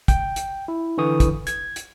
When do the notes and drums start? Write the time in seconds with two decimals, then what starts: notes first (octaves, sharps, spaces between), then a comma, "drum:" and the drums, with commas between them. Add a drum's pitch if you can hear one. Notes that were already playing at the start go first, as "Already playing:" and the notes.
0.08 G5, drum: kick, hi-hat
0.36 drum: hi-hat
0.68 E4
0.98 D3 E3 C#6 D#6
1.20 drum: kick, hi-hat
1.47 G#6, drum: hi-hat
1.76 drum: hi-hat